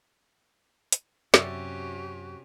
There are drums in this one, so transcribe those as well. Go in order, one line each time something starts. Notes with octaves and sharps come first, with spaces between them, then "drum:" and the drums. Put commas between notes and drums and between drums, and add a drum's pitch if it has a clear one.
drum: hi-hat
F#2 C3 C#4 F#4 G4 D5 E5, drum: snare